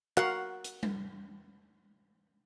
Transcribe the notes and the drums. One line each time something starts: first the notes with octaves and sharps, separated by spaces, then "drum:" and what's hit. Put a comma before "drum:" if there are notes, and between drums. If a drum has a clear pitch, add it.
F#4 A#4 F5 F#5, drum: clap
drum: hi-hat
drum: tom G3